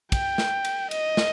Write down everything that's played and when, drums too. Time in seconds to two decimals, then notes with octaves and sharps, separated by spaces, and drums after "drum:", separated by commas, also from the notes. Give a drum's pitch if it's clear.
0.12 G5, drum: kick, cymbal
0.38 drum: snare
0.65 drum: cymbal
0.91 D#5, drum: cymbal
1.17 drum: snare